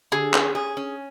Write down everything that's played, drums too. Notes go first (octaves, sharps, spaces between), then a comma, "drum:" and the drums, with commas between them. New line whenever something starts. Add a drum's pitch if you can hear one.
D3 G#4
C#4, drum: clap
G#4
C#4